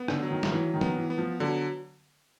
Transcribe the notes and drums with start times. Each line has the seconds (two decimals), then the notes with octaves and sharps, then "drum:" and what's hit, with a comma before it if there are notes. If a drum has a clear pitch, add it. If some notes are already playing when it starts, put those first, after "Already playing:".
Already playing: B3
0.08 D3, drum: rim click
0.23 F#3
0.30 D#3
0.43 D#3, drum: snare
0.52 E3 F#3
0.74 D#3
0.81 B3, drum: tom
0.96 E3
1.10 B3
1.18 F3
1.40 D3 F#3